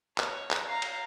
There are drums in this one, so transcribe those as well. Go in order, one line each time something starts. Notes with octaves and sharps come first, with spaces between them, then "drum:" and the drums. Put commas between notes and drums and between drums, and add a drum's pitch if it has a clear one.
C#5, drum: clap
drum: clap
F5 A#5
drum: cymbal